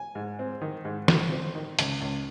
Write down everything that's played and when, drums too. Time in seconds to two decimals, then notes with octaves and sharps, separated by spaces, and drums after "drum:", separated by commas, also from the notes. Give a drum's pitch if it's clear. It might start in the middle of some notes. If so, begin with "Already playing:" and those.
Already playing: G#5
0.15 G#2
0.39 C4
0.62 D#3
0.85 G#2
1.08 D#3, drum: snare
1.31 C4
1.55 D#3
1.79 C#2, drum: hi-hat
2.02 C#2